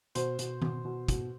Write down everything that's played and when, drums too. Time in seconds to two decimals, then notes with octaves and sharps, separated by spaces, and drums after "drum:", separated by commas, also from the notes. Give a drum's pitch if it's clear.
0.15 B2 C5, drum: hi-hat
0.39 B2, drum: hi-hat
0.62 B2, drum: tom D#3
0.85 B2
1.09 B2, drum: kick, hi-hat